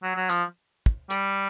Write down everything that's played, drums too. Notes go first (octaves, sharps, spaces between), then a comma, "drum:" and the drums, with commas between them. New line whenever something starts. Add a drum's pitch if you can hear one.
F#3
F#3
F3, drum: hi-hat
drum: kick
G3, drum: hi-hat